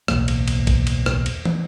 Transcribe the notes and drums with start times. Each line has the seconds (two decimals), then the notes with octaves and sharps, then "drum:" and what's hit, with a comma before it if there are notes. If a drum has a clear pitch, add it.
0.08 D1 B1 E2 A#3, drum: rim click
0.28 drum: cymbal
0.48 drum: cymbal
0.67 drum: kick, cymbal
0.87 drum: cymbal
1.06 drum: rim click
1.26 drum: cymbal
1.45 drum: tom